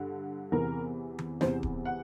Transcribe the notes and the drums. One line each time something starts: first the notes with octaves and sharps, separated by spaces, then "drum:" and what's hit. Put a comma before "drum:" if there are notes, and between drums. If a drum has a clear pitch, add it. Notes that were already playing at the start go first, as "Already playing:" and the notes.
Already playing: G2 D3
E2 C3 E3 A#4
drum: tom D#3
E2 C3 E3 C5, drum: snare
drum: kick D1
F#5